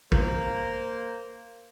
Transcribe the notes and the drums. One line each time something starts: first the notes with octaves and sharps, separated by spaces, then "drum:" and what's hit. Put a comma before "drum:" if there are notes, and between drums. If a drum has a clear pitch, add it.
A#3 C5, drum: kick